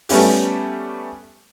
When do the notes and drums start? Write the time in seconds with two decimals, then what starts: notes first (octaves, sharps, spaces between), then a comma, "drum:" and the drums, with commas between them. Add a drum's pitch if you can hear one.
0.09 G3 A3 B3 C#4 G4, drum: open hi-hat